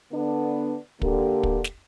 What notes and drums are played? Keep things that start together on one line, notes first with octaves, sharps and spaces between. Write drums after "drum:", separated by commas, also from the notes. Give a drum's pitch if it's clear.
D3 B3 D4
D3 A#3 G4, drum: kick
drum: kick
drum: snare